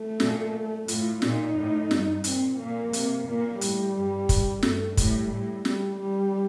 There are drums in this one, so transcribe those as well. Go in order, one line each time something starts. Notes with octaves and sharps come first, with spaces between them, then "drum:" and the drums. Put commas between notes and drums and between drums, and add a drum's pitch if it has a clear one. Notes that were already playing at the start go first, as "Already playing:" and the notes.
Already playing: A3
A#2, drum: snare
A2 F4, drum: hi-hat
A#2 D#4, drum: snare
A2
G2, drum: snare
A#2 C4, drum: hi-hat
A#2 A#3
C3, drum: hi-hat
A#2 A#3
A2 G3, drum: hi-hat
G2
drum: kick, hi-hat
G2 A3, drum: snare
A2 G3, drum: kick, hi-hat
A2
G3, drum: snare
G3